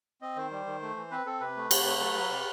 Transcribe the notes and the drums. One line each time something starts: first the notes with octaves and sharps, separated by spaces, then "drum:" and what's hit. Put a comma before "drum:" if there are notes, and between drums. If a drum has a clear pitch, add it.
C4 D#5
D#3 C5
G3
D#3
A3
E3
C4 B4
C4 A4
C3 B4
A3
C3, drum: cymbal
A3
F#3
F#3
C3